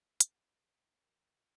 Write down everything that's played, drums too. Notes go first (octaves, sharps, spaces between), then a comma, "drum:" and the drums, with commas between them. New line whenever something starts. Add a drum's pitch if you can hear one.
C5 F#5 A5, drum: hi-hat
A#4 G5